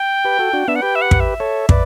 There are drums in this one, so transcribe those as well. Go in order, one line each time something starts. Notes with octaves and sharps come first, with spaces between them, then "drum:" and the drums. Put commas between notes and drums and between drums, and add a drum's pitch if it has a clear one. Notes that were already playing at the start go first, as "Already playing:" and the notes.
Already playing: G5
G4 B4
F#4 A4
D4 F#4
B3 D4 E5
F#5
G4 B4 G5
E5
F#5
drum: kick
E5
A4 C#5
B4 D5, drum: kick